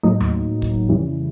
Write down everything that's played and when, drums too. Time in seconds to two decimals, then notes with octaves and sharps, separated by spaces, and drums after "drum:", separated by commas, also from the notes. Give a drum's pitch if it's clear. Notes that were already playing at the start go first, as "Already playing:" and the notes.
0.03 A2 F#3 A#3 D#4
0.20 drum: tom D#2
0.62 drum: kick
0.89 F2 C#3 E3 G3